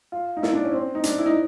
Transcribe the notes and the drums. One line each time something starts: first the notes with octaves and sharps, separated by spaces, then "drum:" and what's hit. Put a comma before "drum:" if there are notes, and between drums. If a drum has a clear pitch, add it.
F4
D#4
E4, drum: snare
D4
C#4
C4
D#4
D4, drum: hi-hat
E4
D#4